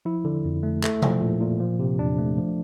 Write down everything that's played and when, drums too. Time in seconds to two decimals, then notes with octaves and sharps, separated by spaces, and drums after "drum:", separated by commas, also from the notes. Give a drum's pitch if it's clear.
0.05 F3 E4
0.25 D3
0.45 F2
0.63 A3
0.83 A3, drum: clap
1.02 F3, drum: tom B2
1.21 A#2
1.41 A#2
1.60 F3
1.79 C3
1.98 E2 D4
2.18 A3
2.37 F3